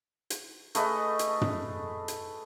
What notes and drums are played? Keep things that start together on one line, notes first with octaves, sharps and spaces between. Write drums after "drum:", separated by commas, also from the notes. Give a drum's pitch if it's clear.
drum: hi-hat
A3 G#4 B4 D#5, drum: hi-hat
drum: hi-hat
drum: tom
drum: hi-hat